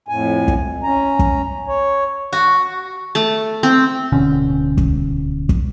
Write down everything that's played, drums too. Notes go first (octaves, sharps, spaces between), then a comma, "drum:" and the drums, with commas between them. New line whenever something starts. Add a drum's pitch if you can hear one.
F2 A2 G#5
drum: kick
C#4 A#5
drum: kick
C#5
F#4
A3 A5
C4
D1 B2 D3 C#4
drum: kick
drum: kick